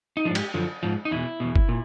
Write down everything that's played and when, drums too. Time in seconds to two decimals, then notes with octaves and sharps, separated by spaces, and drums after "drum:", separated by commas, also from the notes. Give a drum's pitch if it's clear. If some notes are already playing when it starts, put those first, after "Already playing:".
0.17 D#4
0.25 G#2 F3 D4
0.35 G4, drum: cymbal
0.54 F#2 D3 F3
0.83 G#2 F3
1.05 D#4
1.11 E2 B2 E4
1.40 E2 B2
1.56 drum: kick
1.69 A#2